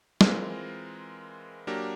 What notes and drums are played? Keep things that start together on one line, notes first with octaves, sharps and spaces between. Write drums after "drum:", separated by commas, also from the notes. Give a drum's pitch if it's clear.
E3 G#3 C4 F4 A#4, drum: snare
F#3 A#3 D4 G4 A#4